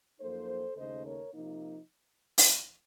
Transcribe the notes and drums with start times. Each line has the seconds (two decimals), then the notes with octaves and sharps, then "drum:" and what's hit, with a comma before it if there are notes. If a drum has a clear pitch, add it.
0.20 F#2 F3 A#3 D#4 A4 C5
0.76 D#2 C#3 A3 D#4 C5 D#5
1.05 A#4 C#5
1.33 C3 F3 A#3 D#4
2.38 drum: open hi-hat